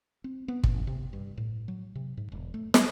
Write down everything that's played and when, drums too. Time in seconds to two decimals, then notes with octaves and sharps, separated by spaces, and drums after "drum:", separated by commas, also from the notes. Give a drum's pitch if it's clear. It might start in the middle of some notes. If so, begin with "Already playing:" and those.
0.24 C4
0.48 B3
0.64 A1, drum: kick
0.87 C3
1.13 G2
1.37 A2
1.68 F#3
1.95 C3
2.17 G#2
2.32 E1
2.54 A3
2.74 G3, drum: snare